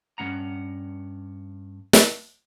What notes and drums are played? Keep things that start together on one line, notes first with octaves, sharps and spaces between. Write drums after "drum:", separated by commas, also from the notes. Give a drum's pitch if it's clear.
G2 F#3 C#4 F#5 A#5
drum: snare